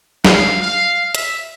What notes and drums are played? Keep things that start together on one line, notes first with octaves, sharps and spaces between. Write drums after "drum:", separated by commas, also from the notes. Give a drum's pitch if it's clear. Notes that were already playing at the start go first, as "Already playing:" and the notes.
F5, drum: snare
F5
E5, drum: hi-hat